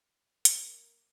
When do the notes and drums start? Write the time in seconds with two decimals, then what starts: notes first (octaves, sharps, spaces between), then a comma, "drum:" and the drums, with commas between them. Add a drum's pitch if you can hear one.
0.45 A#3, drum: hi-hat